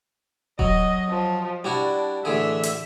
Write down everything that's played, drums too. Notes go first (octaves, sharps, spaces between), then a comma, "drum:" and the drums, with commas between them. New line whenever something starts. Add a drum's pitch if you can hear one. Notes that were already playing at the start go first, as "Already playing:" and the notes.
F#3 D#5, drum: kick D#1
F3
G3 D4 E4 F#4
A1 D3 G#4 E5
drum: hi-hat